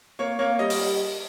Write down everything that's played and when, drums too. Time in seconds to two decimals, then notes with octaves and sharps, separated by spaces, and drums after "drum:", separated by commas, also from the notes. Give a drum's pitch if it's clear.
0.19 A#3 C#5
0.39 A#3 C#5
0.59 G3 D#5
0.70 drum: open hi-hat
0.79 G3